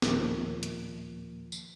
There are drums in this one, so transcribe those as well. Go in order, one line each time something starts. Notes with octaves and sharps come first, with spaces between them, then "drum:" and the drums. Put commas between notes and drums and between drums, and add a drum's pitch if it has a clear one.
D#2 A#2 F3 A#3, drum: snare
drum: hi-hat
drum: tambourine